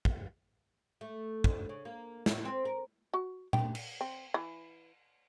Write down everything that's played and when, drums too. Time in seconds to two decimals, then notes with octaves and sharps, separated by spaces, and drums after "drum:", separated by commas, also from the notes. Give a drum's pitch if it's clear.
0.05 drum: kick
1.01 A3
1.44 D2, drum: kick
1.69 C#3
1.85 A#3
2.26 A2, drum: snare
2.45 C4
2.65 A#4
3.14 F#4
3.53 G5, drum: tom A#2
3.75 drum: cymbal
4.01 C4
4.34 E3